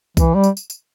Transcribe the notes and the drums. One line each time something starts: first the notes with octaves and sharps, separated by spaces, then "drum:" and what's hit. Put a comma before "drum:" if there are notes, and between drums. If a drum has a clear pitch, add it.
E3, drum: kick C2, tambourine
G3
drum: tambourine
drum: tambourine
drum: tambourine